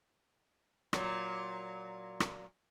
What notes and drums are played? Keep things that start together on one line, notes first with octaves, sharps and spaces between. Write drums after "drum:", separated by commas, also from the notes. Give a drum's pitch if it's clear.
A#2 F#3, drum: rim click
drum: rim click